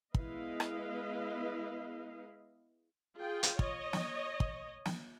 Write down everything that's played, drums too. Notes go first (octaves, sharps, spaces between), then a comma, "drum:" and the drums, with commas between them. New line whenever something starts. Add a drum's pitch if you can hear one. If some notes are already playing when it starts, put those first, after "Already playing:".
G#3 B3 E4 B4 D#5 F5, drum: kick
drum: rim click
F4 G#4 G5
drum: hi-hat
C#5 D#5, drum: kick
drum: snare
drum: kick
drum: snare